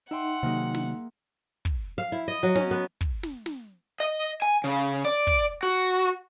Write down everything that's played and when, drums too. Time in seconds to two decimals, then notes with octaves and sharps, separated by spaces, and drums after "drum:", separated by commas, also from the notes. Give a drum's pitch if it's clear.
0.11 D#4 E5 F#5 G5 C6
0.43 C3 D#3 F#3 A#3 G#4
0.74 drum: snare
1.65 drum: kick
1.98 F5
2.12 E4
2.28 D#5
2.43 F#3
2.55 C#4, drum: snare
2.71 B3
3.01 drum: kick
3.23 drum: snare
3.46 drum: snare
4.00 D#5
4.42 G#5
4.64 C#3
5.05 D5
5.27 drum: kick
5.63 F#4